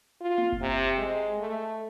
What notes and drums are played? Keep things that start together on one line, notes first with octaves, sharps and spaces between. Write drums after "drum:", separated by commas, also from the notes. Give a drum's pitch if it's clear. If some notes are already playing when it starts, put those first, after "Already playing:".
F4
drum: tom A#3
drum: kick F#1
C3
G#3
A3